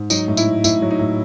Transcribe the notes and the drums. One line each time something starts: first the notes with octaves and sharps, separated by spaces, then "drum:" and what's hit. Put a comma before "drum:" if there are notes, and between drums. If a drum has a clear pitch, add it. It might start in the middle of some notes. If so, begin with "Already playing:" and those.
Already playing: G#2
F#3 D#4, drum: tambourine
A2
E4, drum: tambourine
F#3
A2 E4, drum: tambourine
F#3
D#4
A2